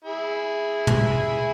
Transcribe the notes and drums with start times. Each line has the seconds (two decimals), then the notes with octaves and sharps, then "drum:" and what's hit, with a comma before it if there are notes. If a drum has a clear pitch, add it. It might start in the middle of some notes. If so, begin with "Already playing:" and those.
0.04 E4 G#4
0.87 drum: tom